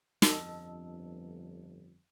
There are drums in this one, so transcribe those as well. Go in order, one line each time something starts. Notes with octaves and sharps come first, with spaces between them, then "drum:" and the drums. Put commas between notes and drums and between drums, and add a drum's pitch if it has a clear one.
G1 F2 D#5 A5 E6, drum: snare